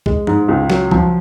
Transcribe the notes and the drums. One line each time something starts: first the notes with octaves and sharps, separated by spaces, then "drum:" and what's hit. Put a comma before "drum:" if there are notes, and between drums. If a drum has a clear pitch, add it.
G#3, drum: kick C2
G#2, drum: tom
C#2
F#3, drum: snare
F3, drum: kick C2